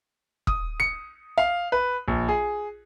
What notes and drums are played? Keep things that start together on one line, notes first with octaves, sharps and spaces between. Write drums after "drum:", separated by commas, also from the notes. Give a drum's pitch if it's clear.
D#6, drum: kick E1
C#7
F5
B4
A#1
G#4